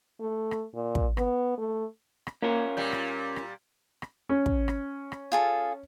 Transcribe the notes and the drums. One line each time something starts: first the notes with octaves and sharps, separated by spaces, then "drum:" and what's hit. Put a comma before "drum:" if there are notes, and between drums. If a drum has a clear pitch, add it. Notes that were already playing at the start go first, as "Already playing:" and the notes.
A3
drum: rim click
A#2
drum: kick
B3, drum: rim click
A3
drum: rim click
A#3 C#4 F4 A#4
A#2 G3 G6
drum: rim click
drum: rim click
drum: rim click
C#4
drum: kick
drum: rim click
drum: rim click
F4 G#4 A4